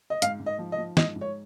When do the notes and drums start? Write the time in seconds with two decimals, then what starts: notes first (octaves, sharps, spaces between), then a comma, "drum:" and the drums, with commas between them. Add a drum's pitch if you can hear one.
0.10 D#5
0.22 G#2 F5, drum: hi-hat
0.40 G#2
0.46 D#5
0.58 F3
0.72 D#5
0.78 F3
0.97 G#2 D#5, drum: snare
1.16 G#2
1.21 C#5